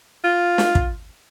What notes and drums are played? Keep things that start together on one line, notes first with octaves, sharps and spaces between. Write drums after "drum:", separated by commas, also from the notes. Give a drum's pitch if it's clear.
F4
drum: snare
drum: kick